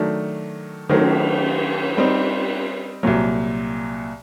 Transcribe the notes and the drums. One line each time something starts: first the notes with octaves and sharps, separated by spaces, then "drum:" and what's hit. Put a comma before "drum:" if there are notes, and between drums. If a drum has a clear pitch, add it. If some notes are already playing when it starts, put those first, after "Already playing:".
Already playing: D#3 F#3 A3 D4
D#3 F#3 A3, drum: cymbal
G3 C4 D#4
C2 A#2 F#3